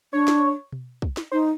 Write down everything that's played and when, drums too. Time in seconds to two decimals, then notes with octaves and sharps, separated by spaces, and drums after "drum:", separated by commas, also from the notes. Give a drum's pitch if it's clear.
0.13 D4 C#5
0.28 drum: snare
0.72 drum: tom B2
1.02 drum: kick
1.17 drum: snare
1.31 D#4 C5